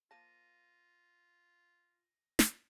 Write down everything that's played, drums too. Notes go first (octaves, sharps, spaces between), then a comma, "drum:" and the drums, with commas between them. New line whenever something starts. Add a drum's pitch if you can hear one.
F3 A#3 F4 A5 A#6 D#7
drum: snare